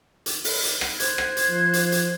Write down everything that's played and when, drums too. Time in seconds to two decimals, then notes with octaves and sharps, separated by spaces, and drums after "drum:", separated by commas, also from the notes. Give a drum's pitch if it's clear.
0.26 drum: hi-hat
0.44 drum: open hi-hat
0.63 drum: hi-hat
0.81 drum: rim click
1.00 C5 F#6 G#6, drum: hi-hat
1.18 drum: rim click
1.37 drum: hi-hat
1.49 F3
1.73 drum: hi-hat
1.92 drum: hi-hat